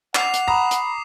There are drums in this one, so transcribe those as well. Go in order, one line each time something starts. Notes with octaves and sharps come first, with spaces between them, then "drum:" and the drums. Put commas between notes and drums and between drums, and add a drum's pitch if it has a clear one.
F#5 D6 C7 F7, drum: clap
drum: hi-hat
A#5 B5 D#6
drum: hi-hat